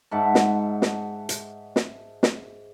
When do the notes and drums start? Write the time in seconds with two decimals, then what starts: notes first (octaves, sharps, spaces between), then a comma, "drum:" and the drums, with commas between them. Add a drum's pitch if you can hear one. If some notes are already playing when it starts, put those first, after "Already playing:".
0.11 G#2 E5 F#5 A5
0.35 drum: snare
0.82 drum: snare
1.29 drum: hi-hat
1.76 drum: snare
2.23 drum: snare